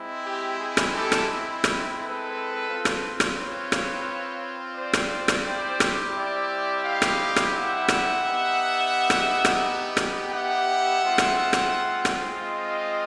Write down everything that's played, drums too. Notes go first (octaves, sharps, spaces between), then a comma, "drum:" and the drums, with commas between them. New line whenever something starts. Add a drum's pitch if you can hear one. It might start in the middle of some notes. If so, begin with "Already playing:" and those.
Already playing: G#3 C4 E4
G4
G#4
drum: rim click
G4 A4
drum: rim click
drum: rim click
A4 B4
C4 F4
drum: rim click
drum: rim click
B4 C#5
drum: rim click
C5 D5
drum: rim click
drum: rim click
G3 C4 E4 G4
drum: rim click
D5 E5
D#5 F5
drum: rim click
drum: rim click
E5 F#5
drum: rim click
B3 D#4 G4
drum: rim click
drum: rim click
drum: rim click
E5 F#5
G#3 C4 F4
drum: rim click
drum: rim click
drum: rim click
D#5 F5